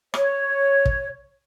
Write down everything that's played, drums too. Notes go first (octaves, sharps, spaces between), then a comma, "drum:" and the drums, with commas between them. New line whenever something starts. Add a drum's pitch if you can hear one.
C#5, drum: rim click
drum: kick